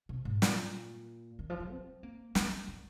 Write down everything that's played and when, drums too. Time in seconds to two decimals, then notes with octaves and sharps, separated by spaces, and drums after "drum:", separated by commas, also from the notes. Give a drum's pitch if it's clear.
0.09 C3
0.25 G#2
0.42 A#2, drum: snare
1.39 D#3
1.50 F3
1.60 F3
1.71 C4
2.03 A#3
2.35 A#3, drum: snare
2.67 G3